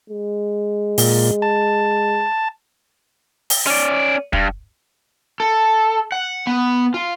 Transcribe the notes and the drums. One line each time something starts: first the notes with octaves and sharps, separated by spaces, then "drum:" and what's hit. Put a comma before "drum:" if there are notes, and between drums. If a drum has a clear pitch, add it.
G#3
A#2, drum: open hi-hat
A5
drum: open hi-hat
C#4 D5
G2, drum: kick
A4
F#5
B3
F4